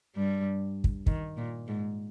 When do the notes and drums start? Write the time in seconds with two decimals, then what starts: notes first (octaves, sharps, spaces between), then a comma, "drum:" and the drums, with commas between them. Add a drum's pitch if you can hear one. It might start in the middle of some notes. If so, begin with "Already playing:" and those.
0.16 G2 G3
0.84 drum: kick
1.06 D#3, drum: kick
1.37 A#2
1.68 G#2